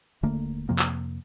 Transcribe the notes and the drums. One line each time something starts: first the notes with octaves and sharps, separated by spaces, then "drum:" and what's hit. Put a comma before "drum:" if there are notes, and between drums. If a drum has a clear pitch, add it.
D#1 D3 A3 A#3
F2 C3 F3 A#3
drum: clap